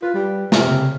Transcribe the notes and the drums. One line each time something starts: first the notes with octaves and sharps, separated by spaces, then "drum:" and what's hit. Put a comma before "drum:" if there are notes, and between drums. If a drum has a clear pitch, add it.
F4 B4
G3
C3 A#5 B5 F6, drum: snare
C#3